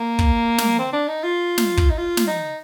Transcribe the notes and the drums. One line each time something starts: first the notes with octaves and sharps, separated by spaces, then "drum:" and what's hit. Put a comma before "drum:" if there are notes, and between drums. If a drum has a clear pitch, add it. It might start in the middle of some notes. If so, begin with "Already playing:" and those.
Already playing: A#3
drum: kick
drum: snare
C4
D4
D#4
F4
drum: snare
drum: kick
D#4
F4
drum: snare
D#4